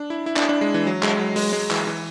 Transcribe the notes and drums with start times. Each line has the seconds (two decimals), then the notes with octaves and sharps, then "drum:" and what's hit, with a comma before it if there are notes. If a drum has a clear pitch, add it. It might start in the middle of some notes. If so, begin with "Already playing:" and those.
Already playing: D4
0.10 E4
0.26 E4
0.36 D4, drum: clap
0.49 D4
0.61 G#3
0.74 E3
0.87 F#3
1.03 G#3, drum: clap
1.19 F#3
1.36 G#3, drum: open hi-hat
1.53 G#3
1.71 E3, drum: clap
1.87 E3